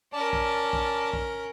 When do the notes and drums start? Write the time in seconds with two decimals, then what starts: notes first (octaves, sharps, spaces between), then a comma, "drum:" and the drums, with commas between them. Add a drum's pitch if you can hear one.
0.13 C#4 A#4 D5 A5
0.33 drum: kick
0.73 drum: kick
1.13 drum: kick